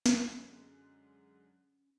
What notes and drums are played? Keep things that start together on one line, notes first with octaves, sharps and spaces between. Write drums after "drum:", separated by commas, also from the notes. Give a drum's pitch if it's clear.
F#2 D3 G#3 C#4, drum: snare